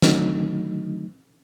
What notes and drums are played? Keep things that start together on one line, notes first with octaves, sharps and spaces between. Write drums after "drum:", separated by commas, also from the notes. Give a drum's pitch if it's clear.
D3 D#3 F#3 A3 D#4, drum: snare